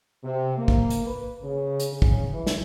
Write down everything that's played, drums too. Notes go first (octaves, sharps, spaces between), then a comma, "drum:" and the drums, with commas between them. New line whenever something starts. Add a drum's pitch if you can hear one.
C3
A#3
drum: kick
drum: hi-hat
B4
C#3
drum: hi-hat
C#3
drum: kick
E3
drum: snare